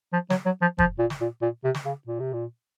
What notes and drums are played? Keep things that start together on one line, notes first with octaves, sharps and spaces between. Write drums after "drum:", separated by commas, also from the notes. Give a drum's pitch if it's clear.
F3
F#3, drum: snare
F#3
F3
F3, drum: kick
A#2
drum: snare
A#2
A#2
C3
drum: snare
C#3
A#2
C3
A#2